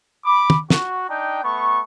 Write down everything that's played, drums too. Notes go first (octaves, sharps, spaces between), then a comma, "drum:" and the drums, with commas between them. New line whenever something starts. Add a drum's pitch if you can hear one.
B5 D6
drum: tom
F#4, drum: snare
D4 D#4 G5
A3 B3 C#6